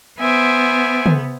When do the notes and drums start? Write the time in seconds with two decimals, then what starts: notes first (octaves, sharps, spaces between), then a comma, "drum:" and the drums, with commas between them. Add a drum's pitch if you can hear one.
0.19 B3 C5 E5 G#5 D7
1.06 drum: tom